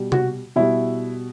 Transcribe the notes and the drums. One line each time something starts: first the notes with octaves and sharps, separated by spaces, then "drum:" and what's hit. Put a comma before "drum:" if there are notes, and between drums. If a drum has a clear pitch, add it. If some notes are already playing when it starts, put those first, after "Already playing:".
Already playing: B2 G3
F#4, drum: tom C3
B2 G3 E4